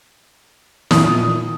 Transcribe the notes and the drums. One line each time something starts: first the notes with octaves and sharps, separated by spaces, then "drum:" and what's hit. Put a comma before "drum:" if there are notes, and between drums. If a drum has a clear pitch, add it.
A#2 D#3 D#6, drum: snare